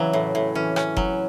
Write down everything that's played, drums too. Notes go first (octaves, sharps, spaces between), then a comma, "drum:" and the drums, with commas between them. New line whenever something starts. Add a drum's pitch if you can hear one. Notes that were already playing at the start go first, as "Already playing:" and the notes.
Already playing: C#3 E3 F#3
A2
A2
E3 C#4
C#4, drum: rim click
F#3, drum: kick F#1